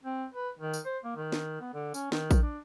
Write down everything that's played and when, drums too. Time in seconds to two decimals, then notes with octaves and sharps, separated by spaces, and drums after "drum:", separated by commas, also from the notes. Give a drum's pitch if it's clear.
0.04 C4
0.34 B4
0.59 D#3
0.73 drum: tambourine
0.85 C5
1.04 A#3
1.16 D#3
1.32 drum: snare
1.61 B3
1.74 D3
1.94 C#4, drum: tambourine
2.12 D#3, drum: snare
2.31 drum: kick A#1, tambourine
2.42 D4